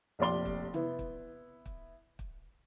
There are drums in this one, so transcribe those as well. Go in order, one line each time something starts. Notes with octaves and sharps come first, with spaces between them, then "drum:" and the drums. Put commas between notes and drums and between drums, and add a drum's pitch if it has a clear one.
F1 A#1 G4 D5 C6 G7
drum: kick
B3 E4, drum: tom
drum: kick
drum: kick
drum: kick